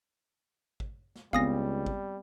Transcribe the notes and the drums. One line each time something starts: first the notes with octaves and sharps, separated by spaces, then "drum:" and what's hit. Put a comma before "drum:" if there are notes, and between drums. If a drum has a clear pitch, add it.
drum: kick G#1
drum: snare
C#2 G3 B3 C4 F5 D#6 A#6, drum: kick G#1
drum: kick G#1